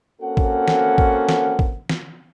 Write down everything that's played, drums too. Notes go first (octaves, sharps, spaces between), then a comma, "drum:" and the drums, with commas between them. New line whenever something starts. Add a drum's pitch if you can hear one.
A#3 C4 C#4 F#4 A4 F#5
drum: kick
drum: snare
drum: kick
drum: snare
drum: kick
drum: snare